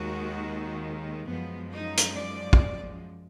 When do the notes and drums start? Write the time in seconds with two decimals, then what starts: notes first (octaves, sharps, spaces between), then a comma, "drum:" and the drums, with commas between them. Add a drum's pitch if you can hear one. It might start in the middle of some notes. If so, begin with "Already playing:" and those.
Already playing: D#2 D#3 G#3 F#4
1.27 F#2 F3 G#3 B3
1.71 D#4
1.97 drum: hi-hat
2.15 D5
2.53 drum: kick